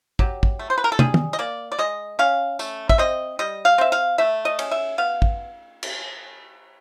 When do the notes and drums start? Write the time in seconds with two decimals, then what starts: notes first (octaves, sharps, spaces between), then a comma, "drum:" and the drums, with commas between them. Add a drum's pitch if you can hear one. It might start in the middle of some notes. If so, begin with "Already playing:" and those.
0.19 F#3 G4, drum: kick
0.43 drum: kick
0.59 A3
0.70 C5
0.78 B4
0.84 A#4
0.92 A4
0.99 G3 G#4, drum: tom
1.14 drum: tom
1.33 D#5
1.39 A#3 D5
1.72 D5
1.79 G#3 D#5
2.19 C#4 F5
2.59 A3, drum: tambourine
2.89 E5, drum: kick
2.98 C4 D#5
3.39 G3 D#5
3.65 F5
3.78 C4 E5
3.92 F5
4.18 A3 E5
4.45 D#5
4.59 C#4, drum: cymbal
4.71 E5
4.98 B3 F5
5.22 drum: kick
5.83 drum: cymbal